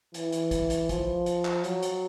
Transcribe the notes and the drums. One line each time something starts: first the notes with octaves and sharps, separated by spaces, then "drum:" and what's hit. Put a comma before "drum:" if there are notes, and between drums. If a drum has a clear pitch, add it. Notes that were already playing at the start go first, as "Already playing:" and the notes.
E3, drum: hi-hat
drum: hi-hat
drum: kick, hi-hat
drum: hi-hat
F3, drum: kick, hi-hat
drum: hi-hat
drum: clap
F#3, drum: hi-hat
drum: hi-hat